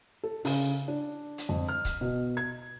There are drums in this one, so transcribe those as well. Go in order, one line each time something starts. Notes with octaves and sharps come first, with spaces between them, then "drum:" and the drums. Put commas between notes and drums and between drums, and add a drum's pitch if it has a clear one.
A4
C#3, drum: open hi-hat
D4
drum: hi-hat
F2
F6
drum: kick C#1, hi-hat
B2
G#6